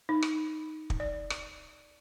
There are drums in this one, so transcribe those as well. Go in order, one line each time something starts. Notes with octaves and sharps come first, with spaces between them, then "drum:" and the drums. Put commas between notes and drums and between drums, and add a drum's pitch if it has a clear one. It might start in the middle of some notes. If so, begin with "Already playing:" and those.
D#4
drum: rim click
drum: kick
D5
drum: rim click